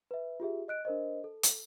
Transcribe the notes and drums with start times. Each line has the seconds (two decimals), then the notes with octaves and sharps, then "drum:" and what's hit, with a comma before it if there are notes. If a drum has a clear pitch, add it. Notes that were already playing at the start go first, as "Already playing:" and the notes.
0.11 B4 E5
0.40 F4 G4 G#4 E5
0.68 D#5 F#6 D7
0.85 D4 A#4 C5 D#5
1.24 A4
1.43 drum: hi-hat